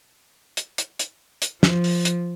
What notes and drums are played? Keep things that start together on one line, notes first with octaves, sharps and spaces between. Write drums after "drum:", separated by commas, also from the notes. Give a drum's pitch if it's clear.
drum: hi-hat
drum: hi-hat
drum: hi-hat
drum: hi-hat
F3, drum: snare
drum: open hi-hat
drum: hi-hat